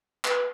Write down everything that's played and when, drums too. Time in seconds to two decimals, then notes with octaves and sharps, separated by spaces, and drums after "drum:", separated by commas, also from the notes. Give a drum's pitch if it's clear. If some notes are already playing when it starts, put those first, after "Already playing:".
0.25 B4, drum: clap